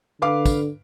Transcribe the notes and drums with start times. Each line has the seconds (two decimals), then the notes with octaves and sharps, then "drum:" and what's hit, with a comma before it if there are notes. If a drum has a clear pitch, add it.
0.22 D3 B4 F5 D6
0.46 drum: kick, tambourine